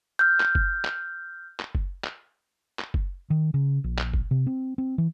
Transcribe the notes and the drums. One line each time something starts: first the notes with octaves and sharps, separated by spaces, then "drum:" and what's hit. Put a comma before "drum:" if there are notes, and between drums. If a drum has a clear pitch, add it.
F6 G6
drum: clap
drum: kick F#1
drum: clap
drum: clap
drum: kick F#1
drum: clap
drum: clap
drum: kick F#1
D#3
C#3
A#1
drum: clap
drum: kick F#1
C3
C4
C4
E3